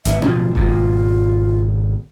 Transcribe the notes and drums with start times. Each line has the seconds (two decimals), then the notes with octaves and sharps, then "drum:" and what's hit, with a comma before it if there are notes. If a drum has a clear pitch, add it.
0.05 G#1 E3 B3 E5, drum: hi-hat
0.22 D1 B2 F3 F4, drum: tom C4
0.55 G#1 B2 F4, drum: kick F#1